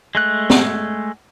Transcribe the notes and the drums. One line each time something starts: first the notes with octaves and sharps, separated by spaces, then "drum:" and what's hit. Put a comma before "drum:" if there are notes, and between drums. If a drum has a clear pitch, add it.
G#3 A3 F#6
drum: snare